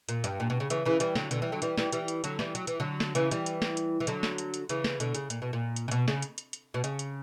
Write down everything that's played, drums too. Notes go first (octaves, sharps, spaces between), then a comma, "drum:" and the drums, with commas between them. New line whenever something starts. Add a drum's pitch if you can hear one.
A#2, drum: hi-hat
G2, drum: hi-hat
A#2
B2
C#3
C#3 E3, drum: hi-hat
C#3 E3
E3 G3, drum: hi-hat
D3 F#3, drum: snare
B2 D3, drum: hi-hat
E3 G3
D3 F#3
E3 G3, drum: hi-hat
E3 G3, drum: snare
E3 G3, drum: hi-hat
drum: hi-hat
D3 F#3, drum: hi-hat
E3 G3, drum: snare
F#3, drum: hi-hat
E3, drum: hi-hat
D3 F#3
drum: snare
C#3 E3, drum: hi-hat
E3 G3, drum: hi-hat
drum: hi-hat
drum: snare
drum: hi-hat
E3
D3 F#3, drum: hi-hat
drum: snare
drum: hi-hat
drum: hi-hat
C#3 E3, drum: hi-hat
drum: snare
B2 D3, drum: hi-hat
C#3, drum: hi-hat
A#2, drum: hi-hat
B2
A#2
drum: hi-hat
C#3
B2, drum: hi-hat
C#3, drum: snare
drum: hi-hat
drum: hi-hat
drum: hi-hat
B2
C#3, drum: hi-hat
drum: hi-hat